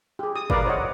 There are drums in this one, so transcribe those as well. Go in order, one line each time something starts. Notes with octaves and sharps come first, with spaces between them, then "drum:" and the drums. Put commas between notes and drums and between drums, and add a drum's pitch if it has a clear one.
G4 G#4
D#6
A#4 B4 D5 F5 A#5, drum: kick
C5 C#5 D#5 F#5